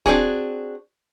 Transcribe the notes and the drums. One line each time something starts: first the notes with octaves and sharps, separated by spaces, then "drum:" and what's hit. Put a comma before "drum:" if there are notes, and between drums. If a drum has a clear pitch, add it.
C4 D4 F#4 G#4, drum: kick